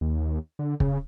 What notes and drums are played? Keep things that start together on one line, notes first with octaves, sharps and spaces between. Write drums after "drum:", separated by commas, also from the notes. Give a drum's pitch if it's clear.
D#2
D3
C#3, drum: kick